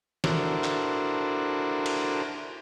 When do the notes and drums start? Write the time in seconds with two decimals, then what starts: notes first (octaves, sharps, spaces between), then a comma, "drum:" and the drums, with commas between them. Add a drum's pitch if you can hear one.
0.24 D4 E4 F#4 A4 A#4 C5, drum: snare
0.64 drum: clap
1.86 drum: cymbal